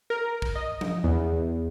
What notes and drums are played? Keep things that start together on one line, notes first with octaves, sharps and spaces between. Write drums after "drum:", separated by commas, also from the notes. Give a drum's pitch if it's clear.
A#4
drum: kick
D#5
drum: tom F3
E2